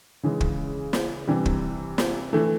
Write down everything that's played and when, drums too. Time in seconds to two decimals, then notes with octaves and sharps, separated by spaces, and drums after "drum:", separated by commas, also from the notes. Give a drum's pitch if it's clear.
0.23 C#3 E3 G#3
0.41 drum: kick
0.93 drum: snare
1.27 C3 E3 G3
1.46 drum: kick
1.98 drum: snare
2.33 E3 A3